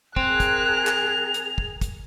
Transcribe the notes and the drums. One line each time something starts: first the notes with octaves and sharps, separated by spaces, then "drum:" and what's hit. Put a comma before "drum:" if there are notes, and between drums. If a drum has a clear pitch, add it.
C4 G#4 A#4 F#6 F7, drum: kick
drum: kick, hi-hat
drum: clap
drum: hi-hat
drum: kick
drum: kick, hi-hat